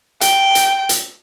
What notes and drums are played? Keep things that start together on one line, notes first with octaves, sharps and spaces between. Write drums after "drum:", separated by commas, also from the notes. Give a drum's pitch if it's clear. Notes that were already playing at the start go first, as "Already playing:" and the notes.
G5, drum: hi-hat
drum: hi-hat
drum: hi-hat